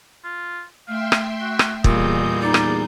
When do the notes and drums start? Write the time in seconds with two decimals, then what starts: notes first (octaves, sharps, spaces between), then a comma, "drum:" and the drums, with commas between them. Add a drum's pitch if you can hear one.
0.24 F4
0.88 A3 E5 F5 G5 C6
1.12 drum: rim click
1.41 F#4
1.59 drum: rim click
1.84 E2 A#2 G3 G#4 D#5 G6, drum: kick
2.42 D#4 D5
2.54 drum: rim click